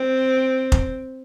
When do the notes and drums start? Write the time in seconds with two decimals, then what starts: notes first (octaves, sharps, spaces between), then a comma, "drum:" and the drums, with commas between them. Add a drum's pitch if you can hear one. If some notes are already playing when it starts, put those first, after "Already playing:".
Already playing: C4
0.72 drum: kick F1